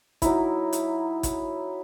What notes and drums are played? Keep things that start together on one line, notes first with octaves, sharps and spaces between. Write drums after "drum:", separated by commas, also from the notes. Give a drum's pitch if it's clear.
F#3 D#4 E4, drum: kick G#1, hi-hat
drum: hi-hat
drum: kick G#1, hi-hat